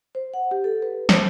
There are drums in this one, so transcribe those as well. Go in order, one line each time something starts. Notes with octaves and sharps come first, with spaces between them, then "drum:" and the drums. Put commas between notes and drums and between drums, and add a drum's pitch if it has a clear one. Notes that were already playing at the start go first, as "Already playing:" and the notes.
C5
F#5
G4
A4
B4
A5, drum: snare